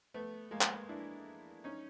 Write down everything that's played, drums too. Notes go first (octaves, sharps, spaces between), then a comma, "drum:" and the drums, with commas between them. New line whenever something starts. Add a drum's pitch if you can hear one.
A3 B3
G#3 A#3
drum: clap
D4 E4
C#4 D#4